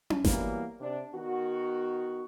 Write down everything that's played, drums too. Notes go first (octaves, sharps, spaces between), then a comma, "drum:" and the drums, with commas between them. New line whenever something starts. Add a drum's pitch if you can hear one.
drum: tom C#4
E3 F#3 G3 A#3 B3, drum: snare G#1
C3 D4
D#3 B3 F#4